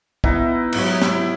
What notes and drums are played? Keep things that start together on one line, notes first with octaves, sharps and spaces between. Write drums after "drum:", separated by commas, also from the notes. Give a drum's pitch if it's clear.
B3 D#4 E4, drum: kick
G#2 F#3 G4, drum: cymbal
E4, drum: snare